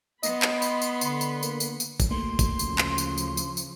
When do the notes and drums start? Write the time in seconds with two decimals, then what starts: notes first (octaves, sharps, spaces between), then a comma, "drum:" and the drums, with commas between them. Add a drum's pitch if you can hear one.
0.23 B3 D#5 B5 C6, drum: tambourine
0.42 drum: clap
0.62 drum: tambourine
0.82 drum: tambourine
1.01 D3, drum: tambourine
1.21 drum: tambourine
1.43 A#3, drum: tambourine
1.60 drum: tambourine
1.80 drum: tambourine
2.00 drum: kick, tambourine
2.11 D2 A3 A#3 C6
2.39 drum: kick, tambourine
2.59 C#3 F3, drum: tambourine
2.78 drum: clap
2.98 drum: tambourine
3.18 drum: tambourine
3.37 drum: tambourine
3.57 drum: tambourine